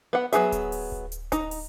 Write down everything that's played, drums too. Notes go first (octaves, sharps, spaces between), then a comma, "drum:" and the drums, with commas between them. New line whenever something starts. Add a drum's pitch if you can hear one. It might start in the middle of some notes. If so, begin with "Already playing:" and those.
B3 F#5
F#3 B3 F4 G#4 E5, drum: hi-hat
drum: kick D1, hi-hat
drum: open hi-hat
drum: kick D1
drum: hi-hat
D#4 A#5, drum: kick D1, hi-hat
drum: open hi-hat